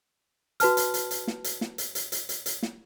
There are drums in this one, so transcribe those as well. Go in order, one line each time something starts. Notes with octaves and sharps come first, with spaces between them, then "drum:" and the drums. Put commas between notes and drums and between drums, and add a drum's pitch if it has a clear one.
F#4 B4 A5 F6, drum: hi-hat
drum: hi-hat
drum: hi-hat
drum: hi-hat
drum: snare
drum: hi-hat
drum: snare
drum: hi-hat
drum: hi-hat
drum: hi-hat
drum: hi-hat
drum: hi-hat
drum: snare